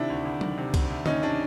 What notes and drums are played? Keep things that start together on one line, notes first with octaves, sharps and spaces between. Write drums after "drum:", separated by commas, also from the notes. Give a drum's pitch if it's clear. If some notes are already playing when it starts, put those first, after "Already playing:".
Already playing: C3 D#3 D4 E4
D2
D2
D#3, drum: tom F#3
C3
D2, drum: kick, cymbal
D2
D#3 C#4 D#4, drum: tom D3
C3 D4